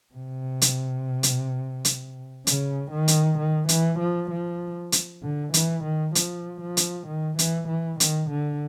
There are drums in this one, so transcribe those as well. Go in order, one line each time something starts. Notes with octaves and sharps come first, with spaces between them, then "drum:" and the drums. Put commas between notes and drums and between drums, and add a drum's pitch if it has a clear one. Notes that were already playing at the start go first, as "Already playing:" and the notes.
C3
drum: hi-hat
drum: hi-hat
drum: hi-hat
C#3, drum: hi-hat
D#3
drum: hi-hat
D#3
E3, drum: hi-hat
F3
F3
drum: hi-hat
D3
E3, drum: hi-hat
D#3
F3, drum: hi-hat
F3
drum: hi-hat
D#3
E3, drum: hi-hat
E3
D#3, drum: hi-hat
D3